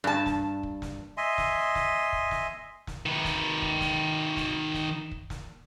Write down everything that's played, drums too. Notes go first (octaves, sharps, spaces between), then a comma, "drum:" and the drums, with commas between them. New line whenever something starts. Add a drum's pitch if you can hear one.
G2 A5
drum: snare
drum: kick
drum: snare
D#5 E5 G#5 C6
drum: snare
drum: snare
drum: kick
drum: snare
drum: snare
D#3 B4
drum: snare
drum: kick
drum: snare
drum: snare
drum: snare
drum: kick
drum: snare